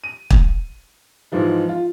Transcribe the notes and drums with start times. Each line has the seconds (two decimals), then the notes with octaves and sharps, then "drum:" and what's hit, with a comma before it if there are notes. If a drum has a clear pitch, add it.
0.04 D#7
0.30 drum: kick
1.32 G#2 E3 F3 G#3
1.69 F4